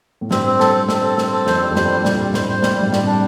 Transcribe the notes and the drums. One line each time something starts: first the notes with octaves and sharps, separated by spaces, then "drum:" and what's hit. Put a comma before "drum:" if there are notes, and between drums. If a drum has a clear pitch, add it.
A2
G2 C4, drum: snare
C4
A4, drum: snare
C4
C4, drum: snare
A4
C4, drum: snare
A4
F2 C5, drum: snare
G3
F2
G2 C5, drum: snare
G3
A#2 G3, drum: snare
G3
A2 C5, drum: snare
C5
A2 G3, drum: snare
G3
G2
G3, drum: snare
C3 D4